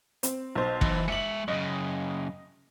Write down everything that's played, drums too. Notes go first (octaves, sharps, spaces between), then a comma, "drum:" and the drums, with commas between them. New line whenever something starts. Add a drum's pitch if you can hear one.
C4, drum: hi-hat
B1 C5
E3, drum: kick
G#3 E5 C#7 F#7
F#2 C#3 D#5